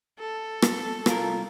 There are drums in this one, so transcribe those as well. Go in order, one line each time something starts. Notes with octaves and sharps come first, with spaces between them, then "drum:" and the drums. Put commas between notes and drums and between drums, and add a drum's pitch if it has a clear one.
A4
drum: rim click
C2 F4 A#4, drum: rim click